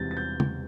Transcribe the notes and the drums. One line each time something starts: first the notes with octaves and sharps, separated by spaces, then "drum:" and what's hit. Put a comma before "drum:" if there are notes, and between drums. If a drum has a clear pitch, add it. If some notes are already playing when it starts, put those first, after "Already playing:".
Already playing: E1 E2 C3 G3 G6 A6
A6
G6
drum: tom C#3